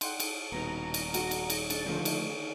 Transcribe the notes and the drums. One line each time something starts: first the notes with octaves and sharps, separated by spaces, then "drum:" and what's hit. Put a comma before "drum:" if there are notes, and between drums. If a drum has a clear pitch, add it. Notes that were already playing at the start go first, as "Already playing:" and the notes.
F#5 G5 C6, drum: cymbal
drum: cymbal
D#1 B2 B3 D#4 A#5
drum: cymbal
C4 F#4, drum: cymbal
drum: cymbal
drum: cymbal
D4 A6, drum: cymbal
D3 D#3 F3 A3 A#3 D#4
drum: cymbal